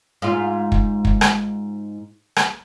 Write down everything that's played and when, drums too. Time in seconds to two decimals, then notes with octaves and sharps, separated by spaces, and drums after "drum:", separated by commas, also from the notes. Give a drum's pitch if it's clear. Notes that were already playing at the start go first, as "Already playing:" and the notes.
0.22 G#2 F4
0.72 drum: kick
1.05 drum: kick
1.21 drum: rim click
2.36 drum: rim click